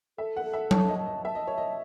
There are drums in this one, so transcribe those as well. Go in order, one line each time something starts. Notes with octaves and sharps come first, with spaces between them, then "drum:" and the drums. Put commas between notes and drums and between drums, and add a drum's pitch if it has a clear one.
A4 E5
F#5
A4
E5
C#5 A5, drum: tom F#3
D#5
A5
D#5
E5 A5
D#5
C#5 E5
D#5